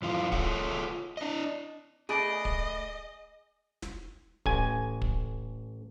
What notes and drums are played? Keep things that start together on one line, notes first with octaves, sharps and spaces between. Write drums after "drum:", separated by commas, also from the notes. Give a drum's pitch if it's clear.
F2 E3 F4
F4 G#4 A4 C#5 F#5, drum: kick
D4 D#5
A3 G#4 B4 D5 D#5
drum: kick
drum: snare
A1 G#5, drum: kick
drum: kick